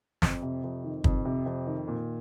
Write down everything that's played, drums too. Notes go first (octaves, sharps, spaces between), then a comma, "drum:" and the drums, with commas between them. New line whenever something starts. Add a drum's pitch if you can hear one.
F2, drum: snare
C3
F2
D#3
F2, drum: kick
C3
F2
D#3
A#2